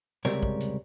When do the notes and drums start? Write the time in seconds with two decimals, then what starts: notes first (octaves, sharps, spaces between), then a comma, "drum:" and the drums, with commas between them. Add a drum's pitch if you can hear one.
0.25 C#2 C3 G3 G#3 A#4 C#5, drum: snare
0.43 drum: kick
0.60 drum: hi-hat